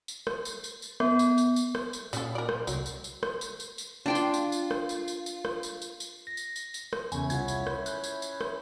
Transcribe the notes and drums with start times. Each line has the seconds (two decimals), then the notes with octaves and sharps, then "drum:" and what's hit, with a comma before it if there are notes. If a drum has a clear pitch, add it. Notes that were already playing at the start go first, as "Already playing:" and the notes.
0.08 drum: tambourine
0.27 drum: rim click
0.45 drum: tambourine
0.64 drum: tambourine
0.82 drum: tambourine
1.00 B3, drum: rim click
1.19 drum: tambourine
1.38 drum: tambourine
1.56 drum: tambourine
1.75 drum: rim click
1.93 drum: tambourine
2.13 A#2 C#3 A4, drum: tambourine
2.35 A#4 D5
2.49 drum: rim click
2.67 C2 F#3, drum: tambourine
2.86 drum: tambourine
3.04 drum: tambourine
3.23 drum: rim click
3.41 drum: tambourine
3.60 drum: tambourine
3.78 drum: tambourine
4.06 D4 F4 G5 C6
4.15 drum: tambourine
4.34 drum: tambourine
4.52 drum: tambourine
4.71 drum: rim click
4.89 drum: tambourine
5.08 drum: tambourine
5.26 drum: tambourine
5.45 drum: rim click
5.63 drum: tambourine
5.82 drum: tambourine
6.00 drum: tambourine
6.27 A#6
6.37 drum: tambourine
6.56 drum: tambourine
6.74 drum: tambourine
6.93 drum: rim click
7.12 E2 C#3 C#4 E4 C#5 G#5, drum: tambourine
7.30 C2 F4 F#5 G#6, drum: tambourine
7.48 drum: tambourine
7.67 drum: rim click
7.86 F#6 G6, drum: tambourine
8.04 drum: tambourine
8.22 drum: tambourine
8.41 drum: rim click